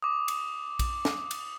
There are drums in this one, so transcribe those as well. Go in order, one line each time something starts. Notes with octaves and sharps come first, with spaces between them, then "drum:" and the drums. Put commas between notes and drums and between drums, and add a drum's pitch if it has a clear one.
D6 D#6
drum: cymbal
drum: kick A#1, cymbal
drum: snare
drum: cymbal